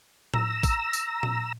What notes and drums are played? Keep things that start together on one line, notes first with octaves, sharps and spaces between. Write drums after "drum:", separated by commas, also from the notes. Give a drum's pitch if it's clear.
A#5 E6, drum: tom A2
drum: kick, tambourine
drum: tambourine
drum: tom A#2